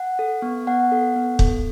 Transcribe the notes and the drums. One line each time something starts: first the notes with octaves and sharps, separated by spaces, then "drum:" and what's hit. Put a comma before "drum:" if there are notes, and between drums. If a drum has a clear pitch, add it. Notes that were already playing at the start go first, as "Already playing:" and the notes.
Already playing: F#5
A4
B3
B3 F#5
A4
B3
A4, drum: kick